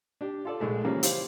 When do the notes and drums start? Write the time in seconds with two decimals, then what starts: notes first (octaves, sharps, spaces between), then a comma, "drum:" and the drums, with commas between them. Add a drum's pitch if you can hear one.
0.21 D4 G4
0.45 F4 A4 D5
0.60 A#1 G#3 A3
0.84 C#3 E3 F3 G3 A#3 C#4
1.03 E4 G4 C5 F5, drum: hi-hat